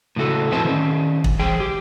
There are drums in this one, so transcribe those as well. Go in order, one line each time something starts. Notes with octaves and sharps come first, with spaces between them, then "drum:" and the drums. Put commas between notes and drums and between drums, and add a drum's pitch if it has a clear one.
A2 C#3 A3 F#4 A4
F2 B3 C4 E4 C5 A5
D#3 C#4
drum: kick
E3 G#4 G5
G4